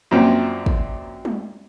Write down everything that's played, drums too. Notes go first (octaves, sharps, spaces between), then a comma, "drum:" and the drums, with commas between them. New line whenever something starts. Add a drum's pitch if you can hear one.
F#2 A#2 F3 C4 C#4
drum: kick
drum: tom G3